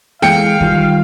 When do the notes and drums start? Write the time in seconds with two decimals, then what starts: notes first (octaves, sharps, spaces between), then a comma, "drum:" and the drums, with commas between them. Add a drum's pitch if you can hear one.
0.22 E3 G#3 A4 F5 G5 C#7, drum: snare E4
0.61 D#3 G3 F4, drum: kick